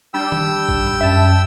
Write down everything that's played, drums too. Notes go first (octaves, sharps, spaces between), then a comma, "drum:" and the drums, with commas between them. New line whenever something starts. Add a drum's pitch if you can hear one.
G3 D4 G5 E6
drum: tom D#3
drum: kick G#1
drum: tom A2
F#2 E5 A5